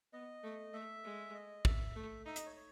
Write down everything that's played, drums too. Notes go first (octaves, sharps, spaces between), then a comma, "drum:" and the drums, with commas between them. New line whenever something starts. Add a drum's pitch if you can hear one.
B3 D#5
A3
A3 E5
G#3
D#5
E5, drum: kick
A3
D#4 E5
D#5, drum: hi-hat
C#5
C#5